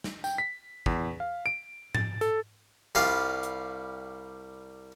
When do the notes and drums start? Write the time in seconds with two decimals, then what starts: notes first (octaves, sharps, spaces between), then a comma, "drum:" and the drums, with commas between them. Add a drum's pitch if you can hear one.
0.04 drum: snare
0.24 G5, drum: tambourine
0.38 B6
0.86 E2, drum: kick
1.20 F5
1.46 D7
1.95 A6, drum: tom G#2
2.21 A4, drum: hi-hat
2.95 C2 G3 F4 F5
3.43 drum: hi-hat